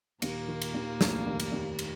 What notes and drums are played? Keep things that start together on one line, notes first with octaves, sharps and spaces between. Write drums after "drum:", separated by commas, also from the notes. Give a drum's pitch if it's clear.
D#2 A#2 A#3, drum: cymbal
D#3
drum: cymbal
D#2
F1, drum: snare
D#2
drum: cymbal
D#2
drum: cymbal